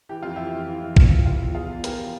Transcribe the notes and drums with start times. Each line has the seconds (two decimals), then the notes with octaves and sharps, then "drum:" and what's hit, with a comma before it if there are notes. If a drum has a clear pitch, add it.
0.09 E3 G4
0.23 F2 F4
0.36 E3 E4 G4
0.53 F2
0.68 E3 E4
0.82 F2
0.96 E3 F4, drum: kick A#1
1.11 F2
1.26 E3 F4
1.40 E2
1.55 E3 F4 G#4
1.69 E2
1.84 E3 G4 A#4, drum: hi-hat